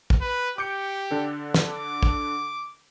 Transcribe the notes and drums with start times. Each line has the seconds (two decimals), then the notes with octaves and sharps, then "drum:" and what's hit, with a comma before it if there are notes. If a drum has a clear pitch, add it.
0.10 drum: kick
0.21 B4
0.58 G4 D6 G6 C#7
1.11 D3 D4 A4
1.54 drum: snare
1.70 D6
2.03 drum: kick